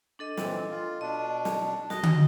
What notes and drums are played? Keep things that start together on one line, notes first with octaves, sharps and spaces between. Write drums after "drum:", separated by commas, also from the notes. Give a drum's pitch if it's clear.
D4 A4 D#5
A#2 E3 C4, drum: snare
F4
B2 D4 D#5
drum: snare
F#4 D#5, drum: snare
drum: tom D3